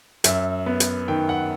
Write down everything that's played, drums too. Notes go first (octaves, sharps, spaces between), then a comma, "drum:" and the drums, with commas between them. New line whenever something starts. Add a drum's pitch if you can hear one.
F#2 E5, drum: hi-hat
B3
drum: hi-hat
D#3 G5
F#5